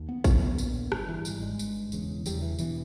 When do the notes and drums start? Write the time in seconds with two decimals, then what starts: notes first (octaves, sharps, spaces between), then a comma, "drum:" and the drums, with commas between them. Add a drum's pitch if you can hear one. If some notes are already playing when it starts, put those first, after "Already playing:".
Already playing: D#2
0.09 B3
0.24 C#2 C#3 B3, drum: kick A1, tambourine
0.58 A#1 A#2, drum: tambourine
0.92 G1 G2, drum: rim click
1.09 E3
1.25 G#1 G#2 G3, drum: tambourine
1.42 G#3
1.59 G1 G2, drum: tambourine
1.92 E1 E2 C#3, drum: tambourine
2.26 E1 E2 C#3 G3, drum: tambourine
2.42 E3
2.58 E1 E2 B2 E3, drum: tambourine